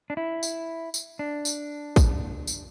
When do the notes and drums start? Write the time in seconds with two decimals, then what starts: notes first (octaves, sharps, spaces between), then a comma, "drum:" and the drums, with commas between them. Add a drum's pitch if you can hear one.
0.10 D4
0.17 E4
0.43 drum: tambourine
0.94 drum: tambourine
1.19 D4
1.45 drum: tambourine
1.96 drum: kick, tambourine
2.47 drum: tambourine